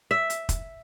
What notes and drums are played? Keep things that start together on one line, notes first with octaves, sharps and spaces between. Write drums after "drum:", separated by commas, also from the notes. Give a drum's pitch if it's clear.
E5
drum: hi-hat
drum: kick, hi-hat